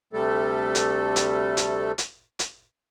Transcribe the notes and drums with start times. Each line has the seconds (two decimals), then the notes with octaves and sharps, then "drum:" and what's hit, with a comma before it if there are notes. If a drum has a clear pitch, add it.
0.13 D2 C3 G3 A3 A4
0.75 drum: hi-hat
1.16 drum: hi-hat
1.57 drum: hi-hat
1.98 drum: hi-hat
2.39 drum: hi-hat